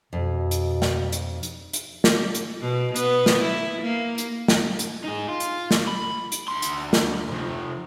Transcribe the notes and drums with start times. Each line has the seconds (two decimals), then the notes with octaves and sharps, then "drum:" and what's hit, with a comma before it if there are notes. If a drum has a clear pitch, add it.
0.13 F2 B2
0.51 drum: hi-hat
0.82 drum: snare
1.12 drum: hi-hat
1.43 drum: hi-hat
1.73 drum: hi-hat
2.04 drum: snare
2.35 drum: hi-hat
2.61 B2
2.96 B3, drum: hi-hat
3.26 drum: snare
3.42 E4
3.82 A#3
4.18 drum: hi-hat
4.48 drum: snare
4.79 drum: hi-hat
5.04 D#4 G#4
5.28 F4
5.40 drum: hi-hat
5.71 drum: snare
5.88 B5
6.32 drum: hi-hat
6.48 D2 C6
6.62 drum: hi-hat
6.93 drum: snare
7.31 C3 F3